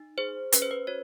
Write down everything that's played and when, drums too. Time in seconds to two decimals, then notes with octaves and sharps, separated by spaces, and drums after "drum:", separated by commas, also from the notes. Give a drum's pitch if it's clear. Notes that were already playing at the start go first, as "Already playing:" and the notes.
Already playing: D#4
0.18 G#4 C5
0.52 C#4 B4, drum: hi-hat
0.62 C5
0.71 B4
0.87 F#4 C#5